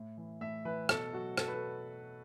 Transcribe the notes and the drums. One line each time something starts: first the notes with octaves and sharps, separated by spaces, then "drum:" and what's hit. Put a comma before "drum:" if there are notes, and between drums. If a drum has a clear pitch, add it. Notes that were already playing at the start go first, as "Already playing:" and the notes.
Already playing: A2
E3
A2 E5
E3 B4
B2 A4, drum: rim click
F#3 F#4
B2 A4, drum: rim click
B4
A4